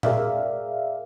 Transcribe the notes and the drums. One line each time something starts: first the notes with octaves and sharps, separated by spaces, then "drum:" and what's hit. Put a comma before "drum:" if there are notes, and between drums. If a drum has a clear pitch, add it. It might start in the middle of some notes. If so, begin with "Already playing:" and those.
G#4 A#4 D5 E5 F5, drum: tom A#2